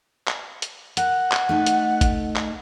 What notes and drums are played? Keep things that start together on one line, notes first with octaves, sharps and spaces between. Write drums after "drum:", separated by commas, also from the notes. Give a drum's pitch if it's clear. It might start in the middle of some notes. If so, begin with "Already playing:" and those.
drum: clap
drum: hi-hat
A#4 F#5, drum: hi-hat
drum: clap
A3 D#4 A4
drum: hi-hat
drum: kick G#1, hi-hat
drum: clap